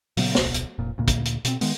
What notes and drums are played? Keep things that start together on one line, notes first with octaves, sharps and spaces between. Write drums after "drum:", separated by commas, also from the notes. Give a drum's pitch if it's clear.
A#2 C#3 F#3 B3, drum: open hi-hat
D1 B1 B2, drum: snare
drum: hi-hat
F1 A#2
D2 A#2 A#3
drum: kick, hi-hat
drum: hi-hat
B2 C4, drum: hi-hat
D#3 G#3 B3, drum: open hi-hat